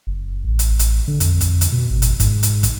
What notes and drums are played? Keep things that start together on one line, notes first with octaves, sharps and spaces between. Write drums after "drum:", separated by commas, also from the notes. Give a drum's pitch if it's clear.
F#1
A1
drum: hi-hat
drum: hi-hat
D3
F2, drum: hi-hat
drum: kick, hi-hat
drum: hi-hat
B2
G#1
drum: hi-hat
G#2, drum: kick, hi-hat
drum: hi-hat
drum: kick, hi-hat